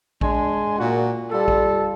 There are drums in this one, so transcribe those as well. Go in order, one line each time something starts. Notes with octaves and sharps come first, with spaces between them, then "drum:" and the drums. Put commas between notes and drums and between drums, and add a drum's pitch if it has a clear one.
G#3 D4 G#5 C6, drum: kick A#1
A#2 F#4
G3 F4 A4
drum: kick A#1